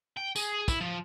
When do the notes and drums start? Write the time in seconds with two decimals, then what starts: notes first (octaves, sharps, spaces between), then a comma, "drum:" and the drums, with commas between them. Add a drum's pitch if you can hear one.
0.17 G5
0.36 G#4, drum: tambourine
0.68 E4, drum: kick, tambourine
0.81 F3